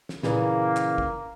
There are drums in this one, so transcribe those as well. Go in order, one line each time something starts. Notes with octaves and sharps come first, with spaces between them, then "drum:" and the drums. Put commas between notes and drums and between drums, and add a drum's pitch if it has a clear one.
drum: snare
A#2 C#3 E3 A#3, drum: snare
drum: clap
drum: kick